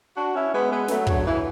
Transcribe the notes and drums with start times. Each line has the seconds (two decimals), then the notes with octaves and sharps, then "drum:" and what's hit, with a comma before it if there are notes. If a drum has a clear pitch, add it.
0.15 D4 F#4
0.34 C#4 E4
0.52 G#3 B3
0.70 G#3 B3
0.88 F#3 A3, drum: snare
1.07 D3 F#3, drum: kick
1.25 C#3 E3